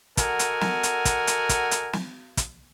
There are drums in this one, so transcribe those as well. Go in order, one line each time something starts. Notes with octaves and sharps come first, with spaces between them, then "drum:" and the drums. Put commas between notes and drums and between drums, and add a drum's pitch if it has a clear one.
F#4 A4 A#4 D#5 F#5 G#5, drum: kick, hi-hat
drum: hi-hat
drum: snare
drum: hi-hat
drum: kick, hi-hat
drum: hi-hat
drum: kick, hi-hat
drum: hi-hat
drum: snare
drum: kick, hi-hat